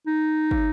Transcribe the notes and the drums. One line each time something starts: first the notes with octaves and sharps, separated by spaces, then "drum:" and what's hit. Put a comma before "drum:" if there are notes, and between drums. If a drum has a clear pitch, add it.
D#4
drum: kick